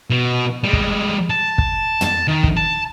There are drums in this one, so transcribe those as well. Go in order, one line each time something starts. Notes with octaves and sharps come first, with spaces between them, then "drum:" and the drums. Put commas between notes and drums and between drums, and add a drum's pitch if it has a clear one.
B2
G3 G#3
drum: kick
A5
drum: kick
drum: tom
D#3
drum: kick
A5